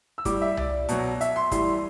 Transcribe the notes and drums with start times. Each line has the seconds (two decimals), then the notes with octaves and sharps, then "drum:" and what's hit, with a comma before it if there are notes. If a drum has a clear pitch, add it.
0.18 E6
0.25 A2 G3 D6, drum: kick, hi-hat
0.42 E5
0.57 D5, drum: tom C2
0.89 B2 F#3, drum: hi-hat
1.21 E5, drum: hi-hat
1.36 C6
1.51 A2 E3 G3 C6, drum: kick, hi-hat